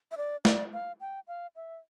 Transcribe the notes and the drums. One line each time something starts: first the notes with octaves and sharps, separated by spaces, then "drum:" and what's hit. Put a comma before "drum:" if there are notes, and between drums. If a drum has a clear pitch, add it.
E5
D5
D5, drum: snare
F5
G5
F5
E5